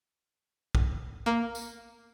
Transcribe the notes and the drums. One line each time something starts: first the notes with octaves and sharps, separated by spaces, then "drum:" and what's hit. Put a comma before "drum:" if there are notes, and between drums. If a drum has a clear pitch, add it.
drum: kick
A#3
drum: tambourine